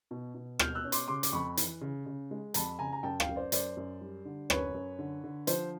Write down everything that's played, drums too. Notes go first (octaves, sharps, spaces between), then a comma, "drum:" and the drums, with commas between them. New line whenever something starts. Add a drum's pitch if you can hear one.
B2
B2
B2 F6 G6, drum: rim click
E6 F#6
C#4
C6 D6, drum: hi-hat
C#3 C6 D6
D6, drum: hi-hat
F2 B5 C#6
E3, drum: hi-hat
C#3
C#3
G#3
F2 A5 B5, drum: hi-hat
C#3 G#5 A#5
A#5
F#2 G5 A5
F5 G5, drum: rim click
F#2
C5 D5
F#2 C5 D5, drum: hi-hat
F#2
G3
D3
F#2 B4 C#5, drum: rim click
F#2
D3
D3
F3 C5, drum: hi-hat